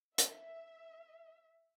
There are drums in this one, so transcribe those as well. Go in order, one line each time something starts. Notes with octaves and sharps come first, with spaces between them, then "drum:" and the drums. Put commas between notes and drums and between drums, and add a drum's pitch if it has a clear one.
E5, drum: hi-hat